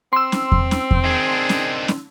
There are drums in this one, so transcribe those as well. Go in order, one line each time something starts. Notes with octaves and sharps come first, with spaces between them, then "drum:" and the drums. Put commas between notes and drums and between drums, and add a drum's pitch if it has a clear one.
C4 C6 E6
drum: snare
drum: kick E2
drum: snare
drum: kick E2
D#3 D4 G#4
drum: snare
drum: snare